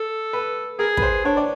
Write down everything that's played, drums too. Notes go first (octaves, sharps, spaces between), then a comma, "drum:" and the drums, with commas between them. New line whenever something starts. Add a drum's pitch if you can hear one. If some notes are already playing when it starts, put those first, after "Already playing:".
Already playing: A4
B4
G#4 A#4
B4, drum: kick
C5
D4 C#5
D5